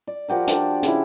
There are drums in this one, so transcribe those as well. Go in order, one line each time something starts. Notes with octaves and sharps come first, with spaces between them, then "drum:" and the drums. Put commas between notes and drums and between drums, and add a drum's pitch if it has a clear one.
D5
F3 F#4 G4 A#4
D4 D5 A5, drum: hi-hat
C#3 E4, drum: hi-hat